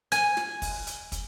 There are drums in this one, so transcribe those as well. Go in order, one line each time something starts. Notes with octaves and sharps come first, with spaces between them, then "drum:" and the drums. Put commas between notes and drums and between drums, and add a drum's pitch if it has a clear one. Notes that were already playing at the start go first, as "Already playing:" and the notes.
G#5, drum: hi-hat
drum: snare
drum: kick, open hi-hat
drum: hi-hat
drum: kick, hi-hat